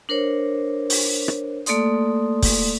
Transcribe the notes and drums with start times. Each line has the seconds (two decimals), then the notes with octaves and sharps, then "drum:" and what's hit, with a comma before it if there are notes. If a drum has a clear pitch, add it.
0.09 D4 A#4 C5 C#5
0.90 drum: open hi-hat
1.28 drum: rim click
1.66 A3 A#3 A4 D5 C6 D#6, drum: hi-hat
2.43 drum: kick, open hi-hat